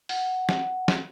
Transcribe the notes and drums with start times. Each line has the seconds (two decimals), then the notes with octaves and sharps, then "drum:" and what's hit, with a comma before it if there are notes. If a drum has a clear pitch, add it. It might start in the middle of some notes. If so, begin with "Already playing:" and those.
0.09 F#5, drum: open hi-hat
0.49 drum: snare
0.88 drum: snare